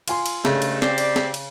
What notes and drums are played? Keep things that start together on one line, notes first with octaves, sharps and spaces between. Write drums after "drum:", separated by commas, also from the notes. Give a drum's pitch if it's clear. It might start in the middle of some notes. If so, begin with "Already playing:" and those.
F4 G#5 C6, drum: cymbal
drum: cymbal
G2 C#3 G#3 A3, drum: snare
drum: cymbal
C4 G4 D5, drum: snare
drum: cymbal
drum: snare
drum: cymbal